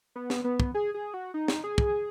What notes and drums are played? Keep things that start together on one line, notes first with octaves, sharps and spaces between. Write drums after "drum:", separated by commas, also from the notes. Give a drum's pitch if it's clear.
B3
drum: snare
B3
drum: kick
G#4
G#4
F#4
D#4
drum: snare
G#4
drum: kick